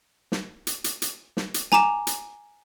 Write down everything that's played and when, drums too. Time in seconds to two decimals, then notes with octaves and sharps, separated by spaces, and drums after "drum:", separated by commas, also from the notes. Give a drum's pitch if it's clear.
0.32 drum: snare
0.67 drum: hi-hat
0.84 drum: hi-hat
1.02 drum: hi-hat
1.37 drum: snare
1.54 drum: hi-hat
1.72 G#5 A#5 D6 E7 F7, drum: snare
2.07 drum: hi-hat